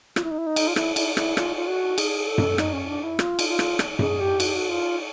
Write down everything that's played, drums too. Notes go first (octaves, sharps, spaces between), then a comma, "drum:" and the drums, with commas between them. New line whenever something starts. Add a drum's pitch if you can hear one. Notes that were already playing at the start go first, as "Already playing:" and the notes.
F4, drum: rim click
E4
D#4
E4
D#4
drum: cymbal
F4
E4, drum: rim click
E4, drum: cymbal
E4, drum: rim click
F4, drum: rim click
F4
F#4
G#4, drum: cymbal
A4
drum: tom F#2
D#4, drum: rim click
C#4
D4
E4
F4, drum: rim click
drum: cymbal
F4
drum: rim click
drum: rim click
G#4, drum: tom F#2
G4
F#4, drum: cymbal
G4
F#4
F4